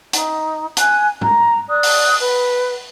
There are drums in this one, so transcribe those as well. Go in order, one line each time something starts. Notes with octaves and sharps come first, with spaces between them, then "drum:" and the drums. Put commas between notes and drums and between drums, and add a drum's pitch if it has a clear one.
D#4, drum: hi-hat
G#5 F#6, drum: hi-hat
A#5, drum: tom
D5 D#6 F#6
drum: open hi-hat
B4